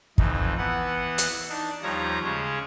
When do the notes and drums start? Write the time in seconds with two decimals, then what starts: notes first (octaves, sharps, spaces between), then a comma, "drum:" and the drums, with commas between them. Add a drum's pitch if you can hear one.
0.18 F2 E3 D#4, drum: kick
0.58 E3 B3 F#5
1.18 drum: hi-hat
1.49 D4 D#4
1.82 D#2 F3 G3 C#5 A#5
2.23 C#3 G#3 C#5